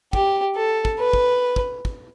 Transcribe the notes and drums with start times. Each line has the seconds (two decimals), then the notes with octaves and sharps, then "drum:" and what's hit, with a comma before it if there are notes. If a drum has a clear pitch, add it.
0.13 G4, drum: kick
0.56 A4
0.85 drum: kick
1.00 B4
1.13 drum: kick
1.56 drum: kick
1.85 drum: kick